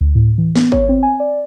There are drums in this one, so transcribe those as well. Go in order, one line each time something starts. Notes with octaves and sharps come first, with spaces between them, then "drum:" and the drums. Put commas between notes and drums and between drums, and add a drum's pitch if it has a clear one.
D2
A2
E3
B3, drum: snare
C#5, drum: kick G#1
C4
G#5
D5